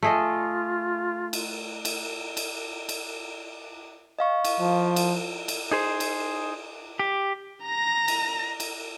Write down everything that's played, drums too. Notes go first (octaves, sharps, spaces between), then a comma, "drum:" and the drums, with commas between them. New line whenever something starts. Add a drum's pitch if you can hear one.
A3 F4 G#4 D#5
drum: cymbal
drum: cymbal
drum: cymbal
drum: cymbal
D#5 F5 C#6
drum: cymbal
F3
drum: cymbal
drum: cymbal
D#4 G#4 C5
drum: cymbal
G4
A#5 A#6
drum: cymbal
drum: cymbal